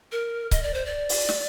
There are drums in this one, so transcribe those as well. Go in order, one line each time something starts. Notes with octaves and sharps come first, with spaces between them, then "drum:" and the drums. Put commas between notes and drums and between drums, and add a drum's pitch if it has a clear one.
A#4
D#5, drum: kick C#1, hi-hat
D5
C5
D5
drum: open hi-hat
drum: snare